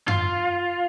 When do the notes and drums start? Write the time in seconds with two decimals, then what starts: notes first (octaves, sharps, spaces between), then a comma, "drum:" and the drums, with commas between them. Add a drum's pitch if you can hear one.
0.08 F4, drum: tom F#2